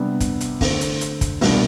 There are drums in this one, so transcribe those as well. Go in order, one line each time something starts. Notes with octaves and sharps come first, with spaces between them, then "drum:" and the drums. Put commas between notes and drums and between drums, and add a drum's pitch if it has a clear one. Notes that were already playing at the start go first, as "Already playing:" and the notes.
Already playing: C3 G3 B3 D4
drum: kick, hi-hat
drum: hi-hat
D3 A3 C4, drum: kick, open hi-hat
drum: hi-hat
drum: hi-hat
drum: kick, hi-hat
C2 B2 G3 D4, drum: open hi-hat